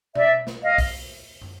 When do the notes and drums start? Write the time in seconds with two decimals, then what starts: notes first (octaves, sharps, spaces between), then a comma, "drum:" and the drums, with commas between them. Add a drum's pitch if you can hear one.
0.15 D5 E5, drum: tom B2
0.47 drum: snare
0.62 D#5 F5
0.78 drum: kick B1, open hi-hat
1.41 drum: tom